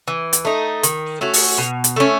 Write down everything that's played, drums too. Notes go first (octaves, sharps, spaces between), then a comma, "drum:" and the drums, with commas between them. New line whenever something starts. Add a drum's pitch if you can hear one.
E3
drum: hi-hat
A3 D#4
D#3, drum: hi-hat
A3 C#4 F#4
drum: open hi-hat
B2
drum: hi-hat
A3 C#4